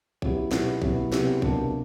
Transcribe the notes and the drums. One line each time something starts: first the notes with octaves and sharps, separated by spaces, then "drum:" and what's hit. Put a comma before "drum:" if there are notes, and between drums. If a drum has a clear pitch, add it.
F#3 B3 E4 G4, drum: kick A#1
B2 F#3 B3 E4 G4, drum: snare
B2 F#3 B3 E4 G4, drum: kick A#1
C3 F#3 B3 E4 G4, drum: snare
B2 F#3 A#3 D4, drum: kick A#1